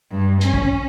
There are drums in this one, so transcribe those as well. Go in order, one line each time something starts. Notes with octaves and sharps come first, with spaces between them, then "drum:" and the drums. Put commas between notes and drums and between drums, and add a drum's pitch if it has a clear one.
G2
C#4, drum: hi-hat
drum: kick